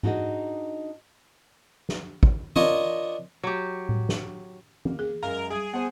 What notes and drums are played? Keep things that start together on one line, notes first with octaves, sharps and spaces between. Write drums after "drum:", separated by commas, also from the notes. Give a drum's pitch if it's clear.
D4 D#4 F#4 G#4 B4 D#5, drum: tom G#2
drum: snare
drum: kick
D4 F4 A#4 C#5 D#5, drum: tom E3
F#3 G4
drum: tom A2
drum: snare
A#3, drum: tom E3
G#4
F#2 G#3 A#4 F5
G3 G#4 G#5 G#6 D7
B3 C5 F#5